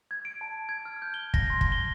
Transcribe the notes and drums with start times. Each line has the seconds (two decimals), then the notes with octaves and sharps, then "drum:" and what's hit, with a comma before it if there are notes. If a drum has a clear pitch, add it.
0.11 G#6
0.25 D7
0.41 A5
0.69 G#6
0.85 F6
1.02 G6
1.14 G7
1.34 A#6, drum: kick
1.50 C6
1.61 drum: kick
1.72 G7